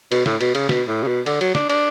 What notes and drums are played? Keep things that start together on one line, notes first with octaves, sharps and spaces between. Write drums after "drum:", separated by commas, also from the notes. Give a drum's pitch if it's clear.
B2, drum: cymbal
A2, drum: snare
B2, drum: cymbal
C#3, drum: cymbal
B2, drum: snare
A2
C#3
B2
D3, drum: cymbal
F#3, drum: cymbal
D4, drum: snare
D4, drum: cymbal